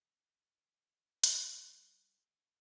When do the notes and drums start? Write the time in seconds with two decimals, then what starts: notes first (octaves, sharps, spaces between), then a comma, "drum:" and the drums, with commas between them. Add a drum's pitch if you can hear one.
1.24 G3 C#4, drum: hi-hat